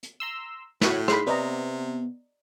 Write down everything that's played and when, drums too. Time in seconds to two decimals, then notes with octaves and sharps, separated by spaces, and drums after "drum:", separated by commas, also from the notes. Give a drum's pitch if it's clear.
0.03 drum: hi-hat
0.20 A#5 C6 E6
0.81 A2 F#4 C#5 B5, drum: snare
1.08 G#3 D#4 B5 C6, drum: rim click
1.27 C3 B3 D5 D#5 A#5